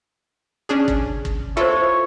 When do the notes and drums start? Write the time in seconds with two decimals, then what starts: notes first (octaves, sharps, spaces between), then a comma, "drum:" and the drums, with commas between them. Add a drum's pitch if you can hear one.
0.69 C#4 D4 G#4
0.88 drum: kick
1.25 drum: kick
1.57 E4 F4 A4 C5 C#5 E5